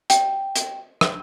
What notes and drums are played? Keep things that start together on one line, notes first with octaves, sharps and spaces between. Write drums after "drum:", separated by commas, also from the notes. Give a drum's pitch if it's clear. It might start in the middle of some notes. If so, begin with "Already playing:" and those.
G5, drum: hi-hat
drum: hi-hat
drum: rim click